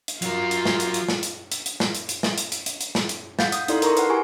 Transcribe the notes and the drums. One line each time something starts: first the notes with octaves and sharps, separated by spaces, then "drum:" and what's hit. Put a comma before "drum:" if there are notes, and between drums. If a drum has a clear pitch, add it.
drum: hi-hat
F#3 F4 A#4, drum: hi-hat
drum: hi-hat
drum: snare
drum: hi-hat
drum: hi-hat
drum: snare
drum: hi-hat
drum: hi-hat
drum: hi-hat
drum: snare
drum: hi-hat
drum: hi-hat
drum: snare
drum: hi-hat
drum: hi-hat
drum: hi-hat
drum: hi-hat
drum: snare
drum: hi-hat
F5 F#5 G6 A6, drum: snare
D#6 G6, drum: hi-hat
D#4 E4 A4 D5 C6, drum: hi-hat
A#4 A#5 C6 C#6, drum: hi-hat
B4 F#5, drum: hi-hat
E4 G4 G#4 B4 G#5 C#6